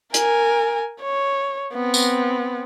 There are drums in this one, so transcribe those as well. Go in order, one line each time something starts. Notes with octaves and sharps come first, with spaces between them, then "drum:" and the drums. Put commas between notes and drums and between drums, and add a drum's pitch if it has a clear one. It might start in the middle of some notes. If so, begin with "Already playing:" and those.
A#4 G#5, drum: hi-hat
C#5
B3 C4
drum: tambourine